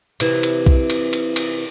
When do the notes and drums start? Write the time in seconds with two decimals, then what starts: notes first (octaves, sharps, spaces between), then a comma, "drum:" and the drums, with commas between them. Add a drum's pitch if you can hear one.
0.20 C3 E3, drum: cymbal
0.43 drum: cymbal
0.66 drum: kick B1
0.90 drum: cymbal
1.13 drum: cymbal
1.36 drum: cymbal